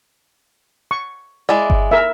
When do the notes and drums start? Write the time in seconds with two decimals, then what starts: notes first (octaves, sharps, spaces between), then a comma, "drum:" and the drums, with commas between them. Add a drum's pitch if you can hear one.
0.91 C#6
1.49 G#3 E4 D5
1.70 drum: kick G1
1.91 A#4 E5